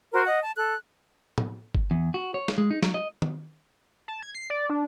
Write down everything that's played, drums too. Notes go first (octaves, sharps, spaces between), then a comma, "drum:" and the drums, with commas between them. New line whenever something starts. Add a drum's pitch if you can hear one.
F#4 A#4 C5
D#5 F#5
A5
A4 F#6
drum: tom
drum: kick G1
E2
F#4
C#5
drum: snare
G#3
D#4
F#3, drum: snare
D#5
drum: tom
A5
G#6
C7
D5
D4